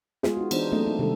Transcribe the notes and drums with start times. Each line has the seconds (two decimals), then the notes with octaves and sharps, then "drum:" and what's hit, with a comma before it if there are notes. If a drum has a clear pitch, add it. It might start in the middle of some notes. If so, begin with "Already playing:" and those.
0.23 G#3 B3 F4 G#4, drum: snare
0.37 D#4 F#4
0.51 E3 B3 D4 D#4 C5, drum: cymbal
0.72 F#3 A3 A#3 C4 D4 D#5
0.86 D#4
0.99 C3 D#3 G3 G#3 D#4 A4